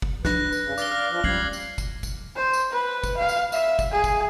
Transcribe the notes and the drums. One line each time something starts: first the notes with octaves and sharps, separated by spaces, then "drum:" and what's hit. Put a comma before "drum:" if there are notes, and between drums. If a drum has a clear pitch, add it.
drum: kick
D4 B4 F#6 A#6, drum: snare
drum: tambourine
G2 C#3
D5 F5 D6 A#6 G7, drum: tambourine
F6
F3
G3 C#4 G#6 C7 F#7
drum: tambourine
drum: kick, tambourine
drum: kick, tambourine
C5
drum: tambourine
B4
drum: kick, tambourine
F5
drum: tambourine
E5, drum: tambourine
drum: kick, tambourine
G#4
drum: kick, tambourine